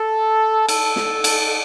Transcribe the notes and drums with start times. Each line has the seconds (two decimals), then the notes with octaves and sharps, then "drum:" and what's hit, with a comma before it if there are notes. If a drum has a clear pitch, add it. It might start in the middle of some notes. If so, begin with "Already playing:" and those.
Already playing: A4
0.69 A4, drum: cymbal
0.96 drum: snare
1.24 drum: cymbal